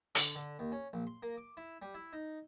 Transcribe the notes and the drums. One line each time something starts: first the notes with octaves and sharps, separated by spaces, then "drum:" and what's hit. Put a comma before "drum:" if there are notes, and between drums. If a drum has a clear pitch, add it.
D3, drum: hi-hat
D3
D#2
C#4
A#1
C6
A#3
D6
E4
G3
E4
D#4